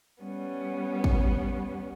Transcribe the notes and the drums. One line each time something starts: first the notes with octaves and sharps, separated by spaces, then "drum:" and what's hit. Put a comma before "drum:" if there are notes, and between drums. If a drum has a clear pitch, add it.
G3 B3 C#4
drum: kick